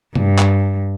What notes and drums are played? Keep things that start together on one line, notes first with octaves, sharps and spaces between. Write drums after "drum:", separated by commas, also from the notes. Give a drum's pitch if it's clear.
G2, drum: tom C3
drum: clap